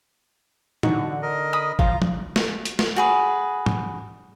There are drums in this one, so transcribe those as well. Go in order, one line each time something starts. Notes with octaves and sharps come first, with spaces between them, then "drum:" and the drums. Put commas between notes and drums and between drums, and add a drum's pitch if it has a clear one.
D3 E3 D#4 F#4, drum: tom A2
A#4 D#5
B5 D#6
F3 F4 A#5, drum: kick G#1
drum: tom F3
drum: snare
drum: hi-hat
drum: snare
F#4 G#4 B4
drum: tom G#2